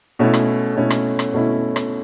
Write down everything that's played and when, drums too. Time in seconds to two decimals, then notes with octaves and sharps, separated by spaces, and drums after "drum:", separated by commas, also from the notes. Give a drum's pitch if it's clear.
0.19 B2 A3 C#4 E4
0.33 drum: rim click
0.76 B2 A3 C#4 E4
0.90 drum: rim click
1.19 drum: rim click
1.34 B2 A3 C#4 E4
1.76 drum: rim click